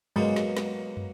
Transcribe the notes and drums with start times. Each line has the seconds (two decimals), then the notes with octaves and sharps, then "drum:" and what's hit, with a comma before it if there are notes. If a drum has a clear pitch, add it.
0.16 B2 F#3 G#3 A#3, drum: tom G2
0.36 drum: snare
0.57 drum: snare
0.97 drum: tom